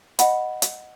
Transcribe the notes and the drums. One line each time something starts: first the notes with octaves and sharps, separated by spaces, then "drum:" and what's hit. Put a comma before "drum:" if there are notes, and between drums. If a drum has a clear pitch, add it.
D#5 F#5 B5, drum: hi-hat
drum: hi-hat